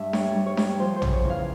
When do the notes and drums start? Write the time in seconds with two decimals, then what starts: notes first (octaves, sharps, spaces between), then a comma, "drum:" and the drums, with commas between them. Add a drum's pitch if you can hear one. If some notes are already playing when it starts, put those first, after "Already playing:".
Already playing: G2 E5
0.13 G3 C#5, drum: snare D4
0.35 G3
0.46 C#5
0.57 G3, drum: snare D4
0.79 F3 C5
0.96 C5
1.02 C#3, drum: tom
1.13 C#5
1.24 E2
1.30 F5